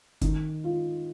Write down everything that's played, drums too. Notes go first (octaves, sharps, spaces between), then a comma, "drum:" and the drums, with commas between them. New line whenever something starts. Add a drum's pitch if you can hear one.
D#3, drum: kick, hi-hat
F4